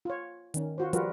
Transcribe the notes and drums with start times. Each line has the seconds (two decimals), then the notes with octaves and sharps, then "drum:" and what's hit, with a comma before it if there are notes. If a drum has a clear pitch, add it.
0.05 F4 C#5
0.54 D#3 C#4, drum: hi-hat
0.78 F4 F#4 C5
0.93 F3 G3 F4 F#4 A#4 B4, drum: hi-hat